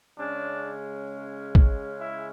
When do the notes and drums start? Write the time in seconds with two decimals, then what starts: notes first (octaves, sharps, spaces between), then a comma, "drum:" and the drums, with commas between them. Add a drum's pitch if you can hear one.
0.18 C#3 G#3 C#4 D4
1.55 drum: kick
1.99 E4